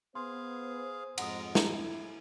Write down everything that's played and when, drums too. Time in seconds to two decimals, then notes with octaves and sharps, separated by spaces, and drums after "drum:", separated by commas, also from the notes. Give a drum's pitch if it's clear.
0.15 B3 G#4 C5 F5 C6
1.18 F2 G#2 G#3 F#5 A#5 D#6, drum: cymbal
1.55 E4 G#5 A#5, drum: snare